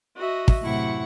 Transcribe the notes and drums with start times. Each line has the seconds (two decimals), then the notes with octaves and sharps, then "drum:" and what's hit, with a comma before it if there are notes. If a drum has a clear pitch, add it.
0.16 F#4 D#5 E5
0.48 drum: kick
0.61 F#2 A2 C3 E4 F#5 C#6